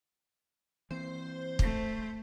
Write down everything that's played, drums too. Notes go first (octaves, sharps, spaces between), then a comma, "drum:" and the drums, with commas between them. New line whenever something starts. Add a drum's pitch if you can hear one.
E3 A#3 C4 C5
A3, drum: kick